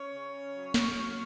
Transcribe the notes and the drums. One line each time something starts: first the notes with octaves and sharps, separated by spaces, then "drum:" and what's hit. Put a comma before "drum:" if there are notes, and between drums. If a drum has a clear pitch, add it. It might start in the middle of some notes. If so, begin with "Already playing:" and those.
Already playing: C#4 C#5
C#3
F#3
drum: snare
F#3